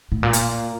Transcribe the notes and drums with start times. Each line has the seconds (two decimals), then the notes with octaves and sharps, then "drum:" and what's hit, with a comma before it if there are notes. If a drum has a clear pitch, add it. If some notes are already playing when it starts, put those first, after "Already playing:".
0.12 A2
0.23 A#2
0.33 drum: hi-hat